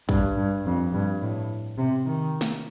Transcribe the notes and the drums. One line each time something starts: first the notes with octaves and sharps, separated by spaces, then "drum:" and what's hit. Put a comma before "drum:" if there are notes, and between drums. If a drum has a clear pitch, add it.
G2, drum: kick
G2
F2
G2
A2
C3
D#3
drum: snare